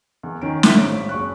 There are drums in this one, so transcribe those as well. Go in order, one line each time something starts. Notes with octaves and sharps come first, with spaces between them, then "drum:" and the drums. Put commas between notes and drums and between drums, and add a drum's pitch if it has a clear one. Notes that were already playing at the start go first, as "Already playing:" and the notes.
E2
D#3 C#4 D7
D#3 E5 B6, drum: snare
G#1 A2 C#5 D7
F#1 C#6 F#6